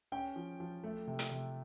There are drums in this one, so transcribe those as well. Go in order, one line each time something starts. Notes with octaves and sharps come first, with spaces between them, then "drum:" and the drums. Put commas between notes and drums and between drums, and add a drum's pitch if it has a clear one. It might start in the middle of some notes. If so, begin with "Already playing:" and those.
C#4 G5
F3
F3
A3
C3
drum: hi-hat
C3